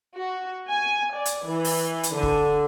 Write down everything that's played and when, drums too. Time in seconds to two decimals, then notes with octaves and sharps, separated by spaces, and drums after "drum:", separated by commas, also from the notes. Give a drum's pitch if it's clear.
0.16 F#4
0.69 G#5
1.14 D5
1.26 drum: hi-hat
1.45 E3
1.64 drum: open hi-hat
2.03 drum: hi-hat
2.13 D3
2.23 drum: kick